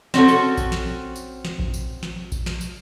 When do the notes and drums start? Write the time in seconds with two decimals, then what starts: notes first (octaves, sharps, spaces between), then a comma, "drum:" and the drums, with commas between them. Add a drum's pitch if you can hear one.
0.14 C4 C#4 F#4 A4, drum: snare
0.28 drum: tambourine
0.57 drum: kick A#1, tambourine
0.72 drum: snare
1.16 drum: tambourine
1.45 drum: snare
1.59 drum: kick A#1
1.74 drum: tambourine
2.03 drum: snare
2.32 drum: kick A#1, tambourine
2.46 drum: snare
2.61 drum: tambourine